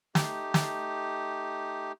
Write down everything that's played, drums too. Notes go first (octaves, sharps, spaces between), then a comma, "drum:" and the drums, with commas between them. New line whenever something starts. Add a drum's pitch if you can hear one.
A3 D#4 G4, drum: snare
drum: snare